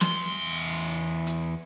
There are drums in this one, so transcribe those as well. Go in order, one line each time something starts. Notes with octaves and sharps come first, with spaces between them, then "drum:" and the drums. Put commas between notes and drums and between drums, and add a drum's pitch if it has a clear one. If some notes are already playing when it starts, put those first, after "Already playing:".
E2 C6, drum: snare
drum: hi-hat